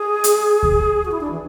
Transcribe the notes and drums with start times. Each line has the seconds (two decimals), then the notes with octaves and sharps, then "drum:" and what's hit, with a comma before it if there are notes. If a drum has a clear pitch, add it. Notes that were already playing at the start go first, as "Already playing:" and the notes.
Already playing: G#4
0.24 drum: hi-hat
0.63 drum: kick D2
1.05 F#4
1.11 E4
1.21 D4
1.31 E3